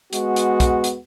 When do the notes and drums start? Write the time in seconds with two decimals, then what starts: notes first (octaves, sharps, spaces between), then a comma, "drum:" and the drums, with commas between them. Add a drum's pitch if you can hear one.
0.13 G#3 B3 F#4, drum: hi-hat
0.36 drum: hi-hat
0.60 drum: kick, hi-hat
0.84 drum: hi-hat